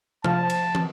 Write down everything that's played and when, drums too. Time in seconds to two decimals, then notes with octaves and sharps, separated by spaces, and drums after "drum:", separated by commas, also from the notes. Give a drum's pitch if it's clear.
0.24 F3 A5, drum: tom C3
0.50 drum: cymbal
0.75 drum: tom